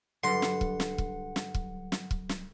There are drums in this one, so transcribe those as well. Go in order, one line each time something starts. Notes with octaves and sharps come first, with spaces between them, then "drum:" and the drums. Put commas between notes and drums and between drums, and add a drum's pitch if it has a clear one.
G2 D3 F#3 F#5 C6
drum: snare
drum: kick
drum: snare
drum: kick
drum: snare
drum: kick
drum: snare
drum: kick
drum: snare